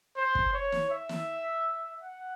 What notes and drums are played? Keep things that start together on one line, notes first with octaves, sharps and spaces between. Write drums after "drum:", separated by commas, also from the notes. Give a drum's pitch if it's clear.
C5
drum: kick
C#5
drum: snare
E5
drum: snare
F#5